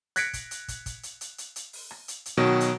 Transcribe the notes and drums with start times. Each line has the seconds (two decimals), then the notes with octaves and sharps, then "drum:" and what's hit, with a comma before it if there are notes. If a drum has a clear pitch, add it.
0.16 F#6 G#6 A#6 B6 C#7 D7, drum: hi-hat
0.33 drum: kick, hi-hat
0.51 drum: hi-hat
0.68 drum: kick, hi-hat
0.86 drum: kick, hi-hat
1.03 drum: hi-hat
1.21 drum: hi-hat
1.38 drum: hi-hat
1.56 drum: hi-hat
1.73 drum: open hi-hat
1.91 drum: rim click
2.08 drum: hi-hat
2.26 drum: hi-hat
2.37 B2 D#3 F#3 B3
2.60 drum: hi-hat